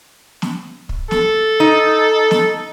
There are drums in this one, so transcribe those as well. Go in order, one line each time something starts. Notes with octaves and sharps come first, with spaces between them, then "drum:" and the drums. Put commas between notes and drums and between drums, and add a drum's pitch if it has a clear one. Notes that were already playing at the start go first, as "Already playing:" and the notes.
drum: snare
drum: kick
A4, drum: snare
D#4
drum: snare